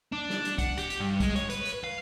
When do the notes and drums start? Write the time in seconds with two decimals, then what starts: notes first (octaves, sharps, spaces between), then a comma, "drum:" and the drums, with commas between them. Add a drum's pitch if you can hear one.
0.13 D4
0.30 drum: snare
0.45 drum: hi-hat
0.58 F#5, drum: kick, hi-hat
0.77 G4, drum: hi-hat
0.90 drum: hi-hat
1.00 G2
1.20 G#3, drum: kick, hi-hat
1.36 C#5, drum: hi-hat
1.50 B4, drum: hi-hat
1.65 drum: hi-hat
1.84 F5